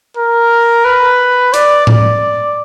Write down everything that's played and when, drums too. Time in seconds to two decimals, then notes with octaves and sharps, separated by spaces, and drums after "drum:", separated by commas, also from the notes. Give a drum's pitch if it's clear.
0.17 A#4
0.85 B4
1.54 D5, drum: hi-hat
1.87 D5, drum: tom A2